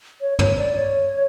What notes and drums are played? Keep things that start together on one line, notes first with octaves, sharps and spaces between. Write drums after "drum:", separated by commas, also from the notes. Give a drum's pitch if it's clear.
C#5
C#5, drum: tom
D5
C#5